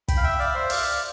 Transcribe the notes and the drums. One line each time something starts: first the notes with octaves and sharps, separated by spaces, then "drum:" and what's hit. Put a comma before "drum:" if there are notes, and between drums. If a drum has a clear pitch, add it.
G5 B5, drum: kick, hi-hat
F5
E5 G5
D5 F5
C5 E5
D5 F5, drum: open hi-hat